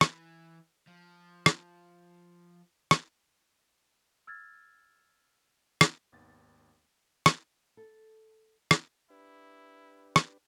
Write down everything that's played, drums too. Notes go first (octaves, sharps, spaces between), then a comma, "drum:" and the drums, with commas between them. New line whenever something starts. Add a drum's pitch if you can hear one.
E3, drum: rim click
F3
drum: rim click
drum: rim click
E6 F6 G#6 A6
drum: rim click
G#1 D#2 B3 A6
drum: rim click
A4
drum: rim click
D4 E4 G4 B4
drum: rim click